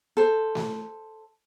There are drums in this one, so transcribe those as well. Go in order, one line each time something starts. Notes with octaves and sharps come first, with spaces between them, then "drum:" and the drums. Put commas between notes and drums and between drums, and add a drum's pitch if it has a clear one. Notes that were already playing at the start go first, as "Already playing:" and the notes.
A4 C5
drum: snare A3